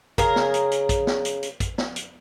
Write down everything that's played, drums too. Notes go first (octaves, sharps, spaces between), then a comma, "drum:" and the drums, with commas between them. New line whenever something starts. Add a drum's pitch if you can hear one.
C#3 G#4 A#4, drum: kick, hi-hat
drum: snare
drum: hi-hat
drum: hi-hat
drum: kick, hi-hat
drum: snare
drum: hi-hat
drum: hi-hat
drum: kick, hi-hat
drum: snare
drum: hi-hat